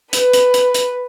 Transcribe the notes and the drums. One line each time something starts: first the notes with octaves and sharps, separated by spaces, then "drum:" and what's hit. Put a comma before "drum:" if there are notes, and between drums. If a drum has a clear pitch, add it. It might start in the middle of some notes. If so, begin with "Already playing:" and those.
B4, drum: hi-hat
drum: hi-hat
drum: hi-hat
drum: hi-hat